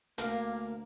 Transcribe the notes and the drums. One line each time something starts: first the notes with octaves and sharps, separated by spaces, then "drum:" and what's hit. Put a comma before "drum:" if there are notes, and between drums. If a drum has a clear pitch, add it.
D2 A#3 A#4 F5, drum: hi-hat